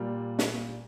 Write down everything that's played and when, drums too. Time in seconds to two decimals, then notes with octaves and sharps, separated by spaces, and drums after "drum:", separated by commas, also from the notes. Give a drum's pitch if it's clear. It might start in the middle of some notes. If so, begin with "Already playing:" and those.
Already playing: A#2 G3 A#3
0.39 drum: snare